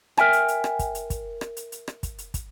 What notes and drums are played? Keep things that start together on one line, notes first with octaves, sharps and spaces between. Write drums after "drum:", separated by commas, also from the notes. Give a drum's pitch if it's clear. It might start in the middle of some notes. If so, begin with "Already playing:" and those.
A#4 E5 G5 G#5, drum: rim click
drum: hi-hat
drum: hi-hat
drum: rim click
drum: kick, hi-hat
drum: hi-hat
drum: kick, hi-hat
drum: rim click
drum: hi-hat
drum: hi-hat
drum: rim click
drum: kick, hi-hat
drum: hi-hat
drum: kick, hi-hat